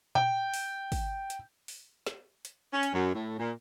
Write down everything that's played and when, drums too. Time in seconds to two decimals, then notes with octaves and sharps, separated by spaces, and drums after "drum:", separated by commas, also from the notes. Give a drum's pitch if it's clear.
0.15 G5, drum: tom A#2
0.54 drum: open hi-hat
0.92 drum: kick, open hi-hat
1.30 drum: hi-hat
1.68 drum: open hi-hat
2.07 drum: snare
2.45 drum: hi-hat
2.73 C#4
2.83 drum: hi-hat
2.93 F#2
3.14 A2
3.39 A#2